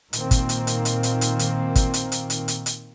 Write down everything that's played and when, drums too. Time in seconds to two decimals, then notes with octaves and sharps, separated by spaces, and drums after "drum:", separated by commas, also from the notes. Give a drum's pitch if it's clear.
0.13 A#2 D#3 A#3 C4, drum: hi-hat
0.31 drum: kick, hi-hat
0.49 drum: hi-hat
0.67 drum: hi-hat
0.85 drum: hi-hat
1.03 drum: hi-hat
1.21 drum: hi-hat
1.39 drum: hi-hat
1.75 drum: kick, hi-hat
1.94 drum: hi-hat
2.12 drum: hi-hat
2.30 drum: hi-hat
2.48 drum: hi-hat
2.66 drum: hi-hat